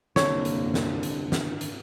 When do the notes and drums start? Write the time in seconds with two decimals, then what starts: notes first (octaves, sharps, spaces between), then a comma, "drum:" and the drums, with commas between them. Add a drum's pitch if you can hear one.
0.16 C2 F#2 D3 A#3 C#5, drum: snare
0.45 drum: hi-hat
0.74 drum: snare
1.03 drum: hi-hat
1.32 drum: snare
1.61 drum: hi-hat